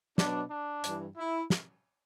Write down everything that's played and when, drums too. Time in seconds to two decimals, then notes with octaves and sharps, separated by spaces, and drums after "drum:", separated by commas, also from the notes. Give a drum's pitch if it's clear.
0.18 B2 F#3 D4, drum: snare
0.51 D4
0.84 G2 E3, drum: hi-hat
1.17 E4
1.50 drum: snare